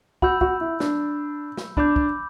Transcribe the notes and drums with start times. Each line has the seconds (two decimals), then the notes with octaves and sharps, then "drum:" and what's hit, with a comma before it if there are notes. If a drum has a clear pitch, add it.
0.22 F#4 B5 E6 G6, drum: kick
0.41 F#4, drum: kick
0.61 E4
0.80 D4, drum: snare
1.57 drum: snare
1.77 D4 B5 D6 G6, drum: kick
1.96 drum: kick